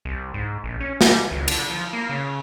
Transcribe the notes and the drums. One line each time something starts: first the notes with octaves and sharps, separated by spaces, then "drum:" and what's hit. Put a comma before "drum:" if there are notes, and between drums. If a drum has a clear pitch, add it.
C2
G#2
A#1
C#4
G3, drum: snare
C#2
D3, drum: cymbal
F3
A#3
C#3